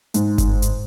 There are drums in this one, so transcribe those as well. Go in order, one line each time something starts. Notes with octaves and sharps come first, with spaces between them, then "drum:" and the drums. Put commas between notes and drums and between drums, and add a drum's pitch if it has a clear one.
G#2, drum: hi-hat
drum: kick G1, hi-hat
drum: hi-hat